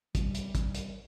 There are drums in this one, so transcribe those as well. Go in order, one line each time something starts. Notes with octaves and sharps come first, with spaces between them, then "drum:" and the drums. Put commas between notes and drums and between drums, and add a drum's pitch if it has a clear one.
G3, drum: kick, hi-hat
drum: hi-hat
drum: kick, hi-hat
drum: hi-hat